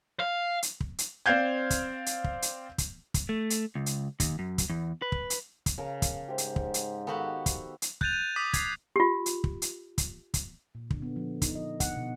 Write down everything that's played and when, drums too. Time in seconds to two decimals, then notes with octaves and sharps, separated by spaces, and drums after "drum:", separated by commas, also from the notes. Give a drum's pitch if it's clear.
0.20 F5
0.63 drum: hi-hat
0.80 drum: kick
0.98 drum: hi-hat
1.26 C4 C5 D5 F5 G6 G#6
1.70 drum: kick, hi-hat
2.06 drum: hi-hat
2.24 drum: kick
2.42 drum: hi-hat
2.78 drum: kick, hi-hat
3.14 drum: kick, hi-hat
3.29 A3
3.50 drum: hi-hat
3.75 C#2
3.86 drum: hi-hat
4.20 D#2, drum: kick, hi-hat
4.39 F#2
4.58 drum: kick, hi-hat
4.69 E2
5.02 B4
5.12 drum: kick
5.30 drum: hi-hat
5.66 drum: kick, hi-hat
5.78 C#3 A#4 F5 A5
6.02 drum: kick, hi-hat
6.28 G#2 G4 C5 E5
6.38 drum: hi-hat
6.56 drum: kick
6.74 drum: hi-hat
7.07 D#3 B3 F#4 G4 A4 F5
7.46 drum: kick, hi-hat
7.82 drum: hi-hat
8.01 F#6 G6 A6 D#7 F7, drum: kick
8.13 D#7
8.36 D6 D#6 B6 D#7
8.53 G#6 C7, drum: kick, hi-hat
8.96 F4 G4
9.26 drum: hi-hat
9.44 drum: kick
9.62 drum: hi-hat
9.98 drum: kick, hi-hat
10.34 drum: kick, hi-hat
10.75 A#2
10.91 D3, drum: kick
11.02 B3
11.16 F3
11.42 D#4, drum: kick, hi-hat
11.55 D#5
11.80 F#5, drum: kick, hi-hat
11.97 B2